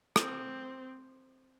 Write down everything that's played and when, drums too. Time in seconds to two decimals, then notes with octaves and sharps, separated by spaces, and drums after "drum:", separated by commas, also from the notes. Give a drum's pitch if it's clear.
0.16 C4, drum: rim click